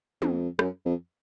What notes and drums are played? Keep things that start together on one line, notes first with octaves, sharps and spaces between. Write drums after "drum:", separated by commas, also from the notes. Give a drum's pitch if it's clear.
F2, drum: tom
F#2, drum: rim click
F2